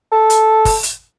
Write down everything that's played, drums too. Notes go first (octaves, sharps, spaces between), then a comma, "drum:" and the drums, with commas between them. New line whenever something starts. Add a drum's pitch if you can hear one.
A4
drum: hi-hat
drum: kick, open hi-hat
drum: hi-hat